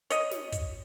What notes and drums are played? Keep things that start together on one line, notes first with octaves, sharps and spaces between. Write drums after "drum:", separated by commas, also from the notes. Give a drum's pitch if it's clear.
C#5 D#5, drum: hi-hat
drum: snare
drum: kick, hi-hat